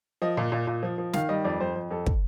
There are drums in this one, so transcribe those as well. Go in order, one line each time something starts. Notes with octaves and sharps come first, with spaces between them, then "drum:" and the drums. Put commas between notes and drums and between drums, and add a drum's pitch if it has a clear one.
F3 D#5
A#2
A#2
A#2
F3
F3
D#3 F5, drum: snare
G3 D#5
F2 D5
F2 C5
F2
F2 A4
drum: kick